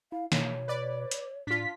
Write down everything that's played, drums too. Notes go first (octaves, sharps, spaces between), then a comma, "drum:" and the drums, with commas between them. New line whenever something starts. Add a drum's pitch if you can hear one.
E4 F5
B2 A#3 C#5, drum: snare
B4 D5
drum: hi-hat
A2 D4 F4 B6